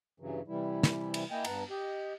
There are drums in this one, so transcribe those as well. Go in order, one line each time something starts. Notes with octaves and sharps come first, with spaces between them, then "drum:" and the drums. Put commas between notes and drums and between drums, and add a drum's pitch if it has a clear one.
G2 C#3 E3 F#3
C3 E3 G3 E4
drum: snare
drum: cymbal
A#3 E4 D#5 G5 G#5
G2 B3 F#5 A5 A#5, drum: cymbal
G4 D#5